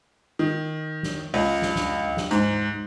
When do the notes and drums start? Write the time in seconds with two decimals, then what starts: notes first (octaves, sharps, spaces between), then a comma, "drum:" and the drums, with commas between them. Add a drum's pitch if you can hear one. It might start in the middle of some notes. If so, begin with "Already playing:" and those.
0.39 D#3
1.03 drum: snare
1.34 C#2, drum: open hi-hat
1.62 drum: snare
1.76 drum: snare
2.17 drum: snare
2.31 G#2, drum: hi-hat